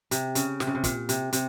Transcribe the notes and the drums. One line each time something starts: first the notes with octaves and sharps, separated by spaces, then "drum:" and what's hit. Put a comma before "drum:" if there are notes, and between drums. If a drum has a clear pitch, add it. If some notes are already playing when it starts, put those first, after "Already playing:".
C3, drum: hi-hat
C#3, drum: hi-hat
C3, drum: snare
C#3
C3
A#2, drum: kick, hi-hat
C3, drum: hi-hat
C3, drum: hi-hat